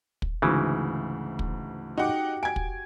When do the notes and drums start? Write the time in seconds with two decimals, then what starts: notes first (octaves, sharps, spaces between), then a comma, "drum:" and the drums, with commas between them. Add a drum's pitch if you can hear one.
0.22 drum: kick
0.42 D2 G#2 C#3 E3
1.39 drum: kick
1.98 D#4 F#4 G4 F#5 D6
2.43 G#5 G#6 D7
2.56 drum: kick